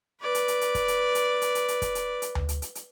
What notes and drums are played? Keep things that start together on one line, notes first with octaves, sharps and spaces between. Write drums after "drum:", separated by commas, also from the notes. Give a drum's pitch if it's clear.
B4 D5
drum: hi-hat
drum: hi-hat
drum: hi-hat
drum: kick, hi-hat
drum: hi-hat
drum: hi-hat
drum: hi-hat
drum: hi-hat
drum: hi-hat
drum: kick, hi-hat
drum: hi-hat
drum: hi-hat
drum: tom D2
drum: hi-hat
drum: hi-hat
drum: hi-hat